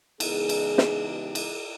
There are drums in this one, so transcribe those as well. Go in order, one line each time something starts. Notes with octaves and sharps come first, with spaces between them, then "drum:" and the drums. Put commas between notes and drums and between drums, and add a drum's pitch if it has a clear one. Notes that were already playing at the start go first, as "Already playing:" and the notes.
C#3 E3 G#3 B3 D#4 G#4, drum: cymbal
drum: cymbal
drum: snare
G4
G#4, drum: cymbal